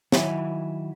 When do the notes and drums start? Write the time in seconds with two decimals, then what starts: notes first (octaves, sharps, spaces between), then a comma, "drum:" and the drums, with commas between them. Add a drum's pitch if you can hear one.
0.12 D#3 F#3 E4 E5 G#5, drum: snare